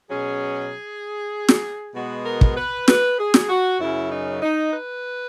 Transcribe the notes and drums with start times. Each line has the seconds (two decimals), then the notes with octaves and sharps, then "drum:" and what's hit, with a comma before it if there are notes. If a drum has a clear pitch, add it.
0.09 B2 F#3 C#4 G#4
1.49 drum: snare
1.95 B2 G#3 B3 F#4
2.26 A#4
2.41 drum: kick
2.57 B4
2.88 B4, drum: snare
3.18 G#4
3.34 drum: snare
3.49 F#4
3.80 F#2 C#3 F#3 C#4 E4
4.12 D#4
4.42 D#4
4.72 B4